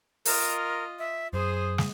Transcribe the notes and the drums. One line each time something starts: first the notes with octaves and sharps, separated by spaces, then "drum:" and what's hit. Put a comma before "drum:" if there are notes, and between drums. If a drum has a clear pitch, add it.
F4 A#4 D#5, drum: open hi-hat
E5
F#2 G#4 C5 D#6
drum: snare